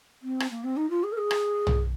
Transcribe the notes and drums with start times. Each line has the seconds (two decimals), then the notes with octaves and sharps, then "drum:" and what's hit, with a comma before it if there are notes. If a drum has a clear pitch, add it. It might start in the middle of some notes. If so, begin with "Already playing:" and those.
0.22 C4
0.40 drum: rim click
0.51 A#3
0.64 C4
0.77 D#4
0.90 F4
1.03 G#4
1.12 A#4
1.17 G#4
1.31 drum: rim click
1.67 drum: tom